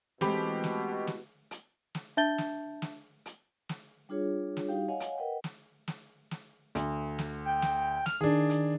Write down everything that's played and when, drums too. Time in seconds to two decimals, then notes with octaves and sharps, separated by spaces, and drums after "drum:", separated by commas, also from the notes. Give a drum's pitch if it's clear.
0.21 B2 E3 G#3 A3 C4 G4 B5, drum: snare
0.64 drum: snare
1.07 drum: snare
1.51 drum: hi-hat
1.95 drum: snare
2.17 D4 E5 A5 G6 A6 G7
2.38 drum: snare
2.82 drum: snare
3.26 drum: hi-hat
3.69 drum: snare
4.09 G3 D4 F4 G#4 C#5
4.57 drum: snare
4.68 G3 D#4 F#4 G4 F5 G5
4.88 C#5 D#5 F5 F#5 G#5
5.00 drum: hi-hat
5.18 A#4 B4 D#5 F#5 G5
5.44 drum: snare
5.88 drum: snare
6.31 drum: snare
6.75 D2, drum: hi-hat
7.19 drum: snare
7.45 G5
7.62 drum: snare
8.06 F6, drum: snare
8.21 D#3 D4 G#4
8.50 drum: hi-hat